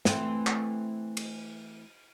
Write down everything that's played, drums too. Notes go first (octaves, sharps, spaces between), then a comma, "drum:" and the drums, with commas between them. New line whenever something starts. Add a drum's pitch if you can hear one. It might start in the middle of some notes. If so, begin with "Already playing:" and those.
E3 A3 C4, drum: snare
drum: clap
drum: cymbal